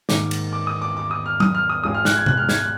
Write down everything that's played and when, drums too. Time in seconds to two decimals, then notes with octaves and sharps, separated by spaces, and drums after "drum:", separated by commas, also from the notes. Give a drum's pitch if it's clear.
0.09 G#2 D#3 A#3 D6, drum: snare
0.31 drum: cymbal
0.53 D6
0.67 D#6
0.82 D6
0.97 D6
1.11 D#6
1.26 F6
1.40 D#6, drum: tom F#3
1.55 F6
1.70 D#6
1.83 G#1 G#2 F3 G#3 D#6
1.94 F6
2.05 F#6, drum: snare
2.16 G#6
2.26 F#6, drum: tom C3
2.37 F6
2.49 G#6, drum: snare
2.60 F#6